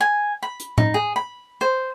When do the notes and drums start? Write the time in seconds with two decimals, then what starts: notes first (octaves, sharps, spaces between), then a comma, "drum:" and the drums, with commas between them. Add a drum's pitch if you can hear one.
0.01 G#5
0.43 B5
0.60 drum: hi-hat
0.78 D#4, drum: tom A2
0.94 G#4
1.16 B5
1.61 C5